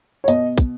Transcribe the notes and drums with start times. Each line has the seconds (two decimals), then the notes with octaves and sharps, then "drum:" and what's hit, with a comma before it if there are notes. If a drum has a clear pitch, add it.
0.24 C#5
0.28 B2 D#5, drum: hi-hat
0.58 drum: kick, hi-hat